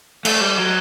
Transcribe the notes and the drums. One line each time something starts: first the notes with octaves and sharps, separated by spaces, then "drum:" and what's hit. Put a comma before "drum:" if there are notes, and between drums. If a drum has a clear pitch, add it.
A3, drum: cymbal
G3
F#3